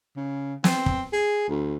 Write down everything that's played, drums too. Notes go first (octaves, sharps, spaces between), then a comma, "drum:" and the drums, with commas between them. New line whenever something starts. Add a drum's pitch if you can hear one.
C#3
C4, drum: snare
drum: kick
G#4
D2